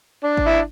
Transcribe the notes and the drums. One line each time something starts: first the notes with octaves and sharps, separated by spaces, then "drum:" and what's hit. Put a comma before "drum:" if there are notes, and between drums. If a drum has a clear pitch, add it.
D4
drum: kick G#1
E4